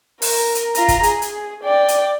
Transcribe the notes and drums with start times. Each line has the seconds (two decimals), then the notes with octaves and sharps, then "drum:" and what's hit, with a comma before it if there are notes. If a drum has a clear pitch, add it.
0.22 A#4, drum: open hi-hat
0.55 drum: hi-hat
0.75 F4 A#5, drum: hi-hat
0.88 drum: kick G1, hi-hat
1.03 G#4, drum: hi-hat
1.22 drum: hi-hat
1.63 D5 G5
1.88 drum: hi-hat